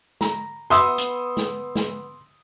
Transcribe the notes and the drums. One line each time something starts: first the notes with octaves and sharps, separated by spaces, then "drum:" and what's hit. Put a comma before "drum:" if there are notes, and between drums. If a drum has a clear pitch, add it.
A#5, drum: snare
B3 E5 C6 D#6 E6
drum: hi-hat
drum: snare
drum: snare